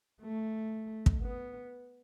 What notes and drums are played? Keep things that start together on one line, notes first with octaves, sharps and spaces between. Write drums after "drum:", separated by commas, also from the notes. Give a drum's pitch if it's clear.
A3
drum: kick
B3